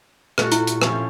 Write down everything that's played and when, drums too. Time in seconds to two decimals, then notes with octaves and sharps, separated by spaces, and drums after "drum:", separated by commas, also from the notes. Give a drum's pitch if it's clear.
0.38 A#2 G3 A3 F#4 A4 A#4, drum: rim click
0.52 E4, drum: hi-hat
0.67 drum: hi-hat
0.82 A2 C3 F3 C#4 F5, drum: rim click